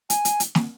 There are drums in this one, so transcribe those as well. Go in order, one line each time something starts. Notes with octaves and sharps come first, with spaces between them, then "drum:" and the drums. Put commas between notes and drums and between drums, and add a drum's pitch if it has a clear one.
G#5, drum: hi-hat
drum: hi-hat
drum: hi-hat
drum: snare